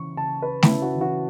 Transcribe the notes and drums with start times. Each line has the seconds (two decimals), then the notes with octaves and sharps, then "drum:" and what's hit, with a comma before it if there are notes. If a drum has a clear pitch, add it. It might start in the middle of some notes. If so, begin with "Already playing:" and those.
Already playing: C#3 E3 C#6
0.17 C#3 A5
0.42 C#4 B4
0.63 E4, drum: snare A3
0.69 C#3
0.82 F#4
0.95 E3
1.01 F#4